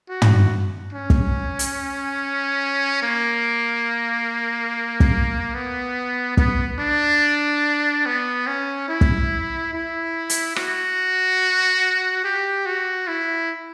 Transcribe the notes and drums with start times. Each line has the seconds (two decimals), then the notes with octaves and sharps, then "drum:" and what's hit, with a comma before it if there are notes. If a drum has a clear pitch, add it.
0.09 F#4
0.22 drum: tom
0.93 C#4
1.10 drum: kick
1.59 drum: hi-hat
3.02 A#3
5.00 drum: kick
5.54 B3
6.37 B3, drum: kick
6.79 D4
8.06 B3
8.47 C#4
8.89 E4
9.01 drum: kick
9.73 E4
10.30 drum: hi-hat
10.56 F#4, drum: rim click
12.24 G4
12.66 F#4
13.08 E4